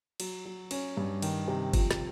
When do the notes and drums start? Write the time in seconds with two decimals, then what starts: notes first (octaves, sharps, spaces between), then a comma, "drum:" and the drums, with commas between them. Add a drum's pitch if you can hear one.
0.20 F#3, drum: cymbal
0.45 F#3
0.71 C#4, drum: cymbal
0.97 G2
1.22 D#3, drum: cymbal
1.48 C3
1.74 F3, drum: kick F#1, cymbal
1.91 drum: snare